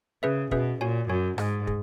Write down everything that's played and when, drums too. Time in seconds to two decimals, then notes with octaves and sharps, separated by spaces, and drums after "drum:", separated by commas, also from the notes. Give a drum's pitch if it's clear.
0.23 C#3 C#4 G#4 B4 E5
0.51 B2 C#4 G#4 B4 E5, drum: kick
0.81 A#2 F#4 C#5 G#5
1.09 F#2 F#4 C#5 G#5
1.38 G#2 G#4 D#5 G#5, drum: rim click
1.67 G#4, drum: kick